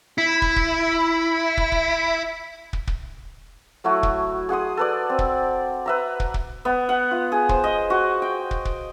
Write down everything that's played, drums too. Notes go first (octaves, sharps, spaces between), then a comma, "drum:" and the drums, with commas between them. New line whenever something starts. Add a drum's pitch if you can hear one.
E4 B5
drum: kick
drum: kick
drum: kick
drum: kick
drum: kick
drum: kick
F#3 A3 E4 F#4
drum: kick
G#4 F#5 C6 D#6
A4 B4 D5
C4
drum: kick
B4 E5 A#5
drum: kick
drum: kick
B3
F#5
F4
G#4
C5, drum: kick
D#5
F#4
G5
drum: kick
drum: kick